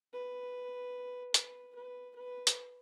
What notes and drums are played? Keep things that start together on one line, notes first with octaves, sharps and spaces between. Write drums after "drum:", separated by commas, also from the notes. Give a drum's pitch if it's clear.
B4
B4, drum: hi-hat
B4
B4
drum: hi-hat